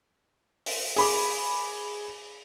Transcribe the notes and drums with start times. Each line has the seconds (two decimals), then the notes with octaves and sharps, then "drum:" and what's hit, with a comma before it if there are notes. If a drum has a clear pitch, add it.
0.66 drum: open hi-hat
0.96 G#4 B5 D6, drum: open hi-hat